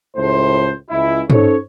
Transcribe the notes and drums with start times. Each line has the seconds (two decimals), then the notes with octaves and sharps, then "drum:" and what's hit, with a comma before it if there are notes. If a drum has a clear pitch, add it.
0.16 C#2 A2 C5
0.90 C#2 E4
1.30 C#4 D#4 A4 C5 C#5, drum: tom